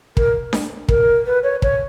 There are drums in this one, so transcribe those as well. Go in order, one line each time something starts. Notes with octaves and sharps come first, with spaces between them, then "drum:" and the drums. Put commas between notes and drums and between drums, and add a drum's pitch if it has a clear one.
A#4, drum: kick
drum: snare D4
A#4, drum: kick
B4
C#5
C#5, drum: kick